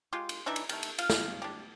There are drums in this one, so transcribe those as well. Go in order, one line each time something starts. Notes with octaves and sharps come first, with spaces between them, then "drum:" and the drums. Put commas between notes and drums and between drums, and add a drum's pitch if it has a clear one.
G#3 F4 G4
drum: cymbal
E3 D4 D#4 E5
drum: cymbal
D#3 A3, drum: cymbal
drum: cymbal
F4 F5, drum: cymbal
drum: snare
D4 G4